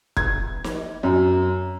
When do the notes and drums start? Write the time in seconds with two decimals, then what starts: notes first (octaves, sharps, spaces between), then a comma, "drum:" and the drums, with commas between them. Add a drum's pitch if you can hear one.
0.17 G#6, drum: kick
0.64 drum: snare
1.03 F#2